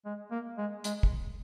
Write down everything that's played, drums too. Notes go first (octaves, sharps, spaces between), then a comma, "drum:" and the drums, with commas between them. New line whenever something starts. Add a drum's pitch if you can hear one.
G#3
A#3
G#3
G#3, drum: hi-hat
drum: kick